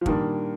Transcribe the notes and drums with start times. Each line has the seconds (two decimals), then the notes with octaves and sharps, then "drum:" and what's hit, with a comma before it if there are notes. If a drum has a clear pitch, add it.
0.01 F3
0.06 A#2 D#3 G3 A#3 D4, drum: kick